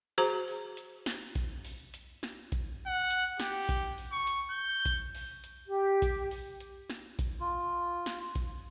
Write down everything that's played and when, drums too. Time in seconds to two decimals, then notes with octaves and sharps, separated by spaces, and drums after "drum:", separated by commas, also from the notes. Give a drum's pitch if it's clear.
0.18 F#4 G#4 C5 A#5
0.48 drum: open hi-hat
0.77 drum: hi-hat
1.06 drum: snare
1.35 drum: kick A#1, hi-hat
1.65 drum: open hi-hat
1.94 drum: hi-hat
2.23 drum: snare
2.52 drum: kick A#1, hi-hat
2.86 F#5
3.10 drum: hi-hat
3.40 G4, drum: snare
3.69 drum: kick A#1, hi-hat
3.98 drum: open hi-hat
4.12 C#6
4.27 drum: hi-hat
4.50 G6
4.85 drum: kick A#1, hi-hat
5.15 drum: open hi-hat
5.44 drum: hi-hat
5.67 G4
6.02 drum: kick A#1, hi-hat
6.31 drum: open hi-hat
6.60 drum: hi-hat
6.90 drum: snare
7.19 drum: kick A#1, hi-hat
7.40 F4
8.06 drum: snare
8.35 drum: kick A#1, hi-hat